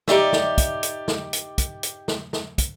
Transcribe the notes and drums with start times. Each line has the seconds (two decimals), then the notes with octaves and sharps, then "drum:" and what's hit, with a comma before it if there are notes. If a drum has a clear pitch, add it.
0.08 D#4 G4 D5 E5, drum: snare
0.33 drum: snare
0.58 drum: kick, hi-hat
0.83 drum: hi-hat
1.08 drum: snare
1.33 drum: hi-hat
1.58 drum: kick, hi-hat
1.83 drum: hi-hat
2.08 drum: snare
2.33 drum: snare
2.58 drum: kick, hi-hat